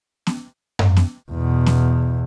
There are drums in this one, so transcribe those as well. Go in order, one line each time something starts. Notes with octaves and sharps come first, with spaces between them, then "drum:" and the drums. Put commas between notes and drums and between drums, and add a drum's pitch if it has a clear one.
drum: snare B3
drum: tom F#2
drum: snare B3
E2 B2
drum: snare B3